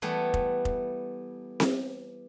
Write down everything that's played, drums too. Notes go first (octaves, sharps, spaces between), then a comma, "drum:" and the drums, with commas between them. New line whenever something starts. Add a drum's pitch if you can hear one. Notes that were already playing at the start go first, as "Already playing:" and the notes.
E3 G3 A3 B3
drum: kick F1
drum: kick F1
drum: snare C4